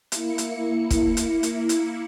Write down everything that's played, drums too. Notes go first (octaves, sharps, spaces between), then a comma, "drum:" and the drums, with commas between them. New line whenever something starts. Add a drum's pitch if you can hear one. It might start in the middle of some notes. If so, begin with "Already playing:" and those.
A#3 E4 C#7, drum: hi-hat
drum: hi-hat
drum: kick, hi-hat
drum: hi-hat
drum: hi-hat
drum: hi-hat